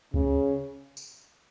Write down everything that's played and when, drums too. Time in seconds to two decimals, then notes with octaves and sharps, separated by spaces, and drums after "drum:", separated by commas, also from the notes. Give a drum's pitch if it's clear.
0.14 C#3, drum: kick C#2
0.97 drum: tambourine